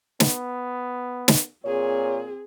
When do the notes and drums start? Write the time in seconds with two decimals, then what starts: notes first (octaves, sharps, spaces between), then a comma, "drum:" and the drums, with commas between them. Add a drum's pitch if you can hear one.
0.20 B3, drum: snare
1.28 drum: snare
1.65 A#2 C4 G#4 C#5